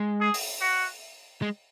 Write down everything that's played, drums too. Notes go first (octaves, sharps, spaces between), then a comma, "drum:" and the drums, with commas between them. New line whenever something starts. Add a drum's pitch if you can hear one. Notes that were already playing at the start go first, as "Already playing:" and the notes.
Already playing: G#3
G#4
drum: open hi-hat
F#4
G#3